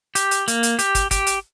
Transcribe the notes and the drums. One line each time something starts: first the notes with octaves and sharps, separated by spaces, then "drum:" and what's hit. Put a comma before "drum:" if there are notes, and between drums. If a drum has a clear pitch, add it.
G4, drum: hi-hat
drum: hi-hat
A#3, drum: hi-hat
drum: hi-hat
G4, drum: hi-hat
drum: kick, hi-hat
G4, drum: kick, hi-hat
drum: hi-hat